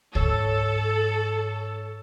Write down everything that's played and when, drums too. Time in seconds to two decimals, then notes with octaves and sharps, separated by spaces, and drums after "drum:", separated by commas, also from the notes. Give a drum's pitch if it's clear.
0.15 G#2 A4 C#5 E6, drum: kick C#2